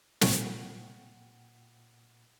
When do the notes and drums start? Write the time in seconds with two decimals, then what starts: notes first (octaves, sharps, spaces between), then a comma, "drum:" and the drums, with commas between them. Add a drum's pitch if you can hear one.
0.21 A#2 G3 C#5 F#5 G5 D7, drum: snare